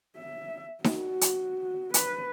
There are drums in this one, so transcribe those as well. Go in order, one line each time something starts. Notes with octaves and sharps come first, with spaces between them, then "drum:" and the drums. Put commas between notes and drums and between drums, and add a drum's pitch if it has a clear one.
E5
F#4, drum: snare D#4
drum: hi-hat
B4, drum: hi-hat